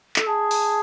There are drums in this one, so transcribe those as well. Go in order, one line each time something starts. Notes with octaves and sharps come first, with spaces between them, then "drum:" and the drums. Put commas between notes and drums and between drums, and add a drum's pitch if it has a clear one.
A4, drum: clap
G#4 A5
drum: open hi-hat